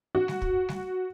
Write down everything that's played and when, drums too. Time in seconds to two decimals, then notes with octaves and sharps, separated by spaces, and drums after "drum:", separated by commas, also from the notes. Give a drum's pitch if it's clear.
0.15 F#4
0.28 drum: snare G3
0.42 drum: kick
0.69 drum: snare G3